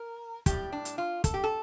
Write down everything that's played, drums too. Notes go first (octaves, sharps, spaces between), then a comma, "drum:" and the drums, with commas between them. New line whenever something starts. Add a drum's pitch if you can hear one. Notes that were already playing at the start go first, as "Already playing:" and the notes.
Already playing: A#4
A2 G3 G4, drum: kick, hi-hat
D4
drum: hi-hat
F4
A4, drum: kick, hi-hat
G4
A4